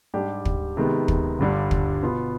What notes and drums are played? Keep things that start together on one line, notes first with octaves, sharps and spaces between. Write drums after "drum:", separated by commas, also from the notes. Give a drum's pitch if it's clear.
G#2 G3 D4 G4
drum: kick
C3 D#3 G#3 B3
drum: kick
G1 G2 D3 G3
drum: kick
B2 B3 F4